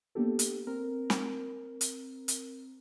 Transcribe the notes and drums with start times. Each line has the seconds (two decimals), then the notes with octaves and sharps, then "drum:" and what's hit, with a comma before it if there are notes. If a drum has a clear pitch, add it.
0.15 A#3 B3 D4 G4 A4
0.39 drum: hi-hat
0.67 C4 A#4
1.10 drum: snare
1.81 drum: hi-hat
2.28 drum: hi-hat